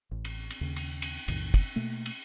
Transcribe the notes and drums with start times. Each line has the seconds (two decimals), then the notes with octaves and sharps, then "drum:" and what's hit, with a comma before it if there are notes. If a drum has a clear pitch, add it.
0.11 A1
0.25 drum: cymbal
0.51 drum: cymbal
0.61 D#2 C#3
0.76 drum: cymbal
1.02 drum: cymbal
1.28 B1 F2 A2 D#3, drum: cymbal
1.54 drum: kick, cymbal
1.76 B2 A3 A#3
2.06 drum: cymbal